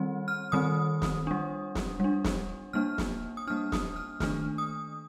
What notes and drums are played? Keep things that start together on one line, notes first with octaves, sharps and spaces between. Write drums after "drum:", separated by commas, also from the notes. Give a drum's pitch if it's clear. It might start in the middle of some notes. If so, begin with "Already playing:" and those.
Already playing: D#3 G3 C4
F6
D#3 G3 C4 D#6
drum: snare
G3 D4
drum: snare
G3 D4
drum: snare
G3 A#3 D4 F6
drum: snare
D#6
G3 A#3 D4 F6
D#6, drum: snare
F6
D#3 A3 D4 F6, drum: snare
D#6